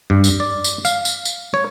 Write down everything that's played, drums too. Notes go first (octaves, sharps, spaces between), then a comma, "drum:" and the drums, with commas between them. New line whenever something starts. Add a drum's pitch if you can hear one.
G2
drum: tambourine
D5
drum: tambourine
F5, drum: tambourine
drum: tambourine
drum: tambourine
C#5